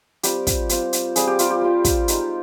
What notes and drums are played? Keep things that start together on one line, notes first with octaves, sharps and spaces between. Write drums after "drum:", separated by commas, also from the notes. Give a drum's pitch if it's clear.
G3 C4 F4 G4, drum: hi-hat
drum: kick, hi-hat
G3 C4 F4, drum: hi-hat
drum: hi-hat
G3 C4 F4 G#4, drum: hi-hat
G4
F4, drum: hi-hat
G4
G3 C4 F4
drum: kick, hi-hat
G#3 D#4, drum: hi-hat